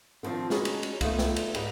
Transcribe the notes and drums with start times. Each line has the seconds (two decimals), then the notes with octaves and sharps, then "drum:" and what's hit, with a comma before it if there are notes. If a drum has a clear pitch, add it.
0.23 D3 D#3 F3 C4 D4
0.50 G#3 C#4 D#4 F#4 G#4 B4, drum: snare
0.65 drum: cymbal
0.83 drum: cymbal
1.01 A3 B3 D#4 F4, drum: kick C2, cymbal
1.19 drum: snare
1.36 drum: cymbal
1.55 G#2 G#3 D#4 G4 B4, drum: cymbal